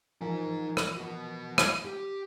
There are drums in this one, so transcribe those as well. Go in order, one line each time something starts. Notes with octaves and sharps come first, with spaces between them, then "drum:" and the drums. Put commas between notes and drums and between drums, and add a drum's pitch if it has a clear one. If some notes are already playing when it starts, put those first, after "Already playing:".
E3 F3 D#4 A#4 G#5
drum: rim click
B3 F#4
drum: rim click
G4